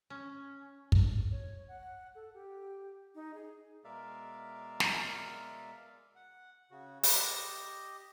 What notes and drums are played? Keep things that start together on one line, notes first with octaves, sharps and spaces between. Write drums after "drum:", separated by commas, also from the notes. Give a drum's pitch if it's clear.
C#4
drum: kick
C#5
F#5
A4
G4
D#4
G#4
B2 G#3 A#4 D5 E5 F5
drum: snare
F#5
C#3 F#4
G4 D#5, drum: open hi-hat